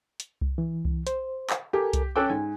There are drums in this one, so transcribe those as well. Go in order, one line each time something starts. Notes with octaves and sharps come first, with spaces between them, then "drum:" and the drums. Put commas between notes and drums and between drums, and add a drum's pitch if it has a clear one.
drum: hi-hat
drum: kick C2
E3
drum: kick C2
C5, drum: hi-hat
drum: clap
G4 A4 A#4 G#5
drum: kick C2, hi-hat
C#4 A4 G5 D6 E6 F#6
G#2 G#5